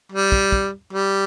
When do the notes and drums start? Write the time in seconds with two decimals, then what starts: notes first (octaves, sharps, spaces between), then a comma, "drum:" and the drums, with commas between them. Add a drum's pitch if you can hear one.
0.12 G3
0.32 drum: kick
0.52 drum: kick
0.93 G3